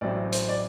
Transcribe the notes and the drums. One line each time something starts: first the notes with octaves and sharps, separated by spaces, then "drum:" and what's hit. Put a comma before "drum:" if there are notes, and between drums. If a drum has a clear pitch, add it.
A1 A2 F#3 C4 D5
C5, drum: hi-hat
D5